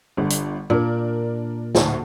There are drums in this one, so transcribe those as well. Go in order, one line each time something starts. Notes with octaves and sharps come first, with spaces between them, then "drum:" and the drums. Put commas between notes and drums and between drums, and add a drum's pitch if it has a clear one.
G1 D3
drum: hi-hat
A#2 D4 A#4
D2 A2 D#4, drum: snare